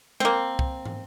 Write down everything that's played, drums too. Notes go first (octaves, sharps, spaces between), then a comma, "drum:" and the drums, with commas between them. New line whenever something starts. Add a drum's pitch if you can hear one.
A#3 C4, drum: tom G#3
drum: kick C2
drum: tom